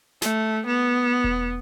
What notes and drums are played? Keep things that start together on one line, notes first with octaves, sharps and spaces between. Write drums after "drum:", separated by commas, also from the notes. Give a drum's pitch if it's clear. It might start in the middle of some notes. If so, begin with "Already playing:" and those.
A3, drum: snare
B3
drum: kick E1